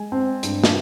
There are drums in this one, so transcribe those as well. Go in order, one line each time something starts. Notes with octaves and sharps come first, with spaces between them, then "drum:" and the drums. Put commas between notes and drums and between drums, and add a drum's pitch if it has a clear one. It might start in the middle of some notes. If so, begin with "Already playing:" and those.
Already playing: G#3 G#5
C4
G2, drum: hi-hat
drum: snare